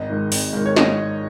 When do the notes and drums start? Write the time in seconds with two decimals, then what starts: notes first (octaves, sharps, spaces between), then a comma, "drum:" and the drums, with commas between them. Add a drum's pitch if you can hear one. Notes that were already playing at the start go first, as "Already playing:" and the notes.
Already playing: G#1 D#5
0.09 G#2 D#3
0.32 G#1, drum: open hi-hat
0.53 G#2 D#3
0.66 C#5
0.76 D#5, drum: snare